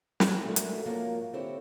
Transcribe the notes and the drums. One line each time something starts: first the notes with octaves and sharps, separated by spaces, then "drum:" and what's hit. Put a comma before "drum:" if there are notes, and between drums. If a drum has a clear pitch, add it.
G5, drum: snare
G#3 A3 D4 F#4 A#4
drum: hi-hat
G#2 F3 F#3 A#3
D3 C4 E4 G4 C5 C#5